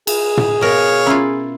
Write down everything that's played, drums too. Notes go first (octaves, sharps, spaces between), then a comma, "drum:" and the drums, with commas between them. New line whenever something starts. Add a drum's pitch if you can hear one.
G#4, drum: cymbal
drum: tom
B2 A#4 C#5 F5
C#4 E4 F4